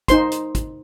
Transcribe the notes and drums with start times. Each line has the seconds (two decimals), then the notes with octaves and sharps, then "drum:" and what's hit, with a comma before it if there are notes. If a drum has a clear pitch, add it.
0.08 D#4 C5 C6, drum: kick, hi-hat
0.32 drum: hi-hat
0.55 drum: kick, hi-hat